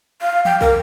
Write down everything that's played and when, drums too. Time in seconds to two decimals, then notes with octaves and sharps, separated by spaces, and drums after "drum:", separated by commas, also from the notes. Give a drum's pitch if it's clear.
0.22 F5
0.45 G5, drum: tom E3
0.61 A#4, drum: kick